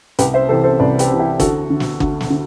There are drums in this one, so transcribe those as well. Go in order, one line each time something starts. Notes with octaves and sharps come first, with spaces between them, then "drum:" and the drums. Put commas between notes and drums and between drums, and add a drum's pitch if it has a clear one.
C2 G4 B4, drum: hi-hat
C5 E5
C3 E3 A4 C5
A4 C5
C2 B4 D5
G4 B4, drum: hi-hat
C3 E3
E4 G4
D2 F#4 A4, drum: kick, hi-hat
D3
drum: snare
D2, drum: kick
drum: snare
D3